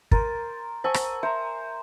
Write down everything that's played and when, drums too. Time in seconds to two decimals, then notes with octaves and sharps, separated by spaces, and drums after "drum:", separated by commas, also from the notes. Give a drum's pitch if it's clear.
0.11 A#4 C5 A6, drum: kick
0.84 C5 G#5 A5 C#6 E6
0.94 drum: rim click
1.23 C5 E5 A#5